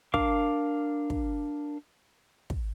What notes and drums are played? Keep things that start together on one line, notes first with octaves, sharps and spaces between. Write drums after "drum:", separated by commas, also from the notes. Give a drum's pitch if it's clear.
D4 A#4 F5 D6, drum: kick
drum: kick
drum: kick